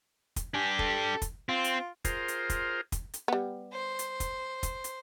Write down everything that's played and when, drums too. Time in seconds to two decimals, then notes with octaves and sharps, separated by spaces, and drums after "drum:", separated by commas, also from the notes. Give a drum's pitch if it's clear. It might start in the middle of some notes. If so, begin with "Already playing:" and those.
0.36 drum: kick, hi-hat
0.54 D4 G4 G#5
0.79 A4, drum: kick
1.22 drum: kick, hi-hat
1.49 C4 F4
1.64 drum: hi-hat
2.05 F4 G#4 A#4 C5, drum: kick, hi-hat
2.28 drum: hi-hat
2.50 drum: kick, hi-hat
2.92 drum: kick, hi-hat
3.14 drum: hi-hat
3.28 G3 B3
3.72 C5
3.99 drum: hi-hat
4.20 drum: kick, hi-hat
4.63 drum: kick, hi-hat
4.84 drum: hi-hat